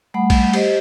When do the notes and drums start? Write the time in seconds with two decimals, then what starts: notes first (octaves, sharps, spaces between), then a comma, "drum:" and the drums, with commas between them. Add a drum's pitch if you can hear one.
0.14 G3 A3 F#5 B5
0.30 drum: kick A#1, cymbal
0.53 G4 C5 D#5, drum: cymbal